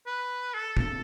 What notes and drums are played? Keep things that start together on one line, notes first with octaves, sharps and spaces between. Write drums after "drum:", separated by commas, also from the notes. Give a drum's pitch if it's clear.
B4
A4
drum: kick